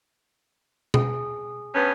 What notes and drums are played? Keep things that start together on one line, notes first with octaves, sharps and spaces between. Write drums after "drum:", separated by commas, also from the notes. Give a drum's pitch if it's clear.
G#4, drum: tom B2
G2 B3 C#4